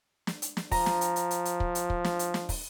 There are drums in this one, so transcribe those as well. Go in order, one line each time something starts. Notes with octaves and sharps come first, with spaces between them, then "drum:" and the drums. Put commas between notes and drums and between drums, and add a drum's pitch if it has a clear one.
drum: snare
drum: hi-hat
drum: snare
F3 A#5, drum: kick, open hi-hat
drum: snare
drum: hi-hat
drum: hi-hat
drum: hi-hat
drum: hi-hat
drum: kick
drum: hi-hat
drum: kick
drum: snare
drum: hi-hat
drum: snare
drum: kick, open hi-hat